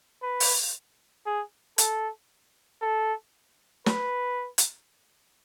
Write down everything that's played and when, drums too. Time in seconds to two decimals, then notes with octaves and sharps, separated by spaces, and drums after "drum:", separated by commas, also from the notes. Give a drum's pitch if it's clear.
0.23 B4
0.40 drum: open hi-hat
1.26 G#4
1.78 A4, drum: hi-hat
2.82 A4
3.86 B4, drum: snare
4.58 drum: hi-hat